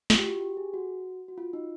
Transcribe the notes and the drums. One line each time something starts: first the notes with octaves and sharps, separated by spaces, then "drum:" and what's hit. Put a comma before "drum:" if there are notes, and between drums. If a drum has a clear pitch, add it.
F4, drum: snare
G4
F#4
G4
G#4
F#4
F#4
F4
D#4